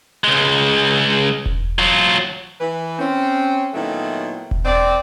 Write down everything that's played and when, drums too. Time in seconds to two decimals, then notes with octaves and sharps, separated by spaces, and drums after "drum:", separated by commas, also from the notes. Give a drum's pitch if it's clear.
0.24 C#2 G#3
1.46 drum: kick E1
1.79 F#3 F4
2.60 E3 B4
2.99 C4 C#4
3.74 A#2 D#3 F#3 A3 B3 E4
4.51 drum: kick E1
4.65 C4 D5